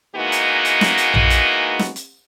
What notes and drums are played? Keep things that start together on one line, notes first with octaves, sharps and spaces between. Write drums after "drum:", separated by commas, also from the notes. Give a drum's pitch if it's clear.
E3 G#3 A#3 B3 D#4 F#4
drum: hi-hat
drum: hi-hat
drum: snare
drum: hi-hat
drum: tom A#1
drum: hi-hat
drum: snare
drum: hi-hat